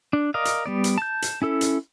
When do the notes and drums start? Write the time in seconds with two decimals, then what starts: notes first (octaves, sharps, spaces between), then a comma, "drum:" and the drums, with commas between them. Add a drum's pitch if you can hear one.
0.13 D4
0.34 A#4 D5 D#5 F5
0.45 drum: hi-hat
0.66 G3 B3 D5
0.84 drum: hi-hat
0.98 A5 G6
1.22 drum: hi-hat
1.42 C#4 E4 A4
1.61 drum: hi-hat